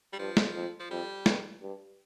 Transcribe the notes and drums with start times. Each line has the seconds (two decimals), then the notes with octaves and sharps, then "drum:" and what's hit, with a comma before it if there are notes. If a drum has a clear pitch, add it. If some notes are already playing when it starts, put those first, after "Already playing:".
0.13 G3
0.19 G2 F3
0.37 drum: snare
0.55 F2
0.80 F3
0.90 F2 G3
1.26 G2, drum: snare
1.62 G2